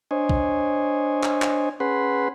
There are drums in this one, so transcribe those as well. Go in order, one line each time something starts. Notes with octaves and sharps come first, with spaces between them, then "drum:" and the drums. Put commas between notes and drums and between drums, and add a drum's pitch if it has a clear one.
D4 C5 C#5 D#5 G#5
drum: kick
drum: clap
drum: clap
C#4 G#4 B4 F#5 B5 C6